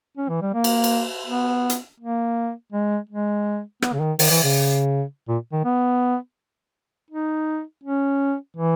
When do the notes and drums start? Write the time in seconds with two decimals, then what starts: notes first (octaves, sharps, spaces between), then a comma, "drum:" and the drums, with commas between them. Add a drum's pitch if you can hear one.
0.17 C#4
0.29 E3
0.41 G3
0.54 A#3
0.64 drum: cymbal
0.84 drum: cymbal
1.26 B3
1.70 drum: hi-hat
2.00 A#3
2.72 G#3
3.10 G#3
3.82 B3, drum: rim click
3.93 C#3
4.00 D#3
4.19 D#3, drum: open hi-hat
4.30 E3
4.44 C#3
5.28 A#2
5.53 D#3
5.65 B3
7.11 D#4
7.84 C#4
8.57 E3